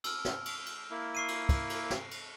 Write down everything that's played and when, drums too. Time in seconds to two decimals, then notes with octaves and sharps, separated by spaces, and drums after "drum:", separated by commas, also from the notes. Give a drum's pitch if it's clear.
0.04 E6 F6, drum: cymbal
0.25 drum: snare
0.46 drum: cymbal
0.66 drum: cymbal
0.91 A#3 E4
1.15 C#6 C7 D#7
1.28 drum: cymbal
1.49 drum: kick, cymbal
1.70 drum: cymbal
1.90 drum: snare
2.11 drum: cymbal